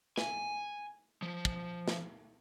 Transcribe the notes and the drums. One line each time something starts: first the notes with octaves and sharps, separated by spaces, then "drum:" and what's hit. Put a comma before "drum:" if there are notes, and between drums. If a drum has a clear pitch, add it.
G#5, drum: snare
F3
drum: kick
drum: snare